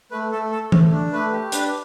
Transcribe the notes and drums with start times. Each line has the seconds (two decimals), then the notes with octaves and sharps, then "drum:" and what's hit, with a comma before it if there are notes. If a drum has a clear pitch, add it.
0.11 A3 B4
0.32 A3 A4
0.52 A4
0.72 A3, drum: tom E3
0.92 D4
1.12 A3 B4
1.32 G4
1.52 D4 B4, drum: hi-hat